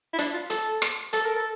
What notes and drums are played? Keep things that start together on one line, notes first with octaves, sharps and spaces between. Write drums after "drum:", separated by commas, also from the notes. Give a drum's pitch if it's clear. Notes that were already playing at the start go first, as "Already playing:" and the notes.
E4
D4, drum: hi-hat
F4
A4, drum: hi-hat
drum: rim click
A4, drum: hi-hat
A#4
A4